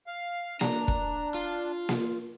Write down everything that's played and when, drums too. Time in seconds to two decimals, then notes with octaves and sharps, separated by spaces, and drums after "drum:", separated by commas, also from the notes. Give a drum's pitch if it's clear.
0.07 F5
0.61 D4 A#5, drum: snare A#3
0.88 drum: kick
1.34 F4
1.89 drum: snare A#3